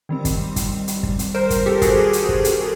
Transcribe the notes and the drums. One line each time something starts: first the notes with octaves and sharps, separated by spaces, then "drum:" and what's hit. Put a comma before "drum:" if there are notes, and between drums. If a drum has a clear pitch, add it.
D#3 G3 C4
drum: kick, hi-hat
drum: kick, hi-hat
drum: hi-hat
drum: kick
drum: hi-hat
A#4 C5
drum: kick, hi-hat
G4 A4
F#4 G#4, drum: kick, hi-hat
drum: hi-hat
drum: kick
drum: hi-hat